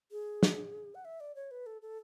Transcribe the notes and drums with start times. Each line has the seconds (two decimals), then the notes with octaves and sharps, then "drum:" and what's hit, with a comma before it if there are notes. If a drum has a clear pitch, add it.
0.12 G#4
0.43 drum: snare
0.95 F#5
1.05 E5
1.20 D5
1.35 C#5
1.51 B4
1.66 A4
1.82 A4